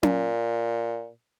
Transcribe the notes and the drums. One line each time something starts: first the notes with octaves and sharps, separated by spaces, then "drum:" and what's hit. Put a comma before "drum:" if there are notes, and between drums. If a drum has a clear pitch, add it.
A#2, drum: tom C#4